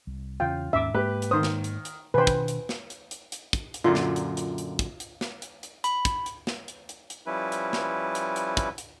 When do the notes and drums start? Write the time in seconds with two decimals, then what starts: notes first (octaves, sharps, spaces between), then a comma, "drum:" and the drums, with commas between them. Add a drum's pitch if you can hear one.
0.07 C2
0.40 E2 C#3 F4 G5
0.73 D#2 G#2 C#4 E5 D6
0.94 G#2 G#3 A#3 G4 B4
1.22 drum: hi-hat
1.31 D#3 C5 D#6
1.43 drum: snare
1.64 drum: hi-hat
1.85 drum: hi-hat
2.14 B2 D#3 D4 B4 C5 G5 G#5
2.27 drum: kick, hi-hat
2.48 drum: hi-hat
2.69 drum: snare
2.90 drum: hi-hat
3.11 drum: hi-hat
3.32 drum: hi-hat
3.53 drum: kick, hi-hat
3.74 drum: hi-hat
3.84 F#2 A#2 D3 F4
3.95 drum: snare
4.16 drum: hi-hat
4.37 drum: hi-hat
4.58 drum: hi-hat
4.79 drum: kick, hi-hat
5.00 drum: hi-hat
5.21 drum: snare
5.42 drum: hi-hat
5.63 drum: hi-hat
5.84 B5, drum: hi-hat
6.05 drum: kick, hi-hat
6.26 drum: hi-hat
6.47 drum: snare
6.68 drum: hi-hat
6.89 drum: hi-hat
7.10 drum: hi-hat
7.26 F3 G3 C#4 E4 B4
7.52 drum: hi-hat
7.73 drum: snare
8.15 drum: hi-hat
8.36 drum: hi-hat
8.57 drum: kick, hi-hat
8.78 drum: hi-hat